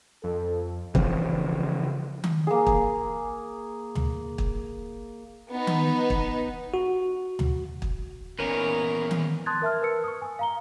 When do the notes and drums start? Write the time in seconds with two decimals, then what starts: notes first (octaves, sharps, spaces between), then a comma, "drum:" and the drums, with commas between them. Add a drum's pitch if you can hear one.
0.24 F2 A4
0.95 C#3 E3 F3 C4, drum: kick
2.24 drum: tom D#3
2.47 A#3 G#4
2.67 drum: kick
3.95 drum: tom
4.38 drum: kick
5.51 B3 D#4
5.67 drum: tom D#3
6.10 drum: kick
6.74 F#4
7.39 drum: tom
7.82 drum: kick
8.39 E2 A#2 C#4 D#4 A#4 B4 C#5 G#5
9.11 drum: tom D#3
9.46 A5 C6 D#6 F#6 G#6 A6
9.62 A#4 E5 A5 F6
9.81 A#4 B4 A5 E6 C#7
10.04 C#6 D#6
10.22 G#5
10.39 F5 A#5 G7